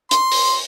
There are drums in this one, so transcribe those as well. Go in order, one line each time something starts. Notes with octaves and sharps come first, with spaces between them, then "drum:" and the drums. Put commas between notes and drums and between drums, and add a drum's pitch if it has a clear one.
C6, drum: hi-hat
drum: open hi-hat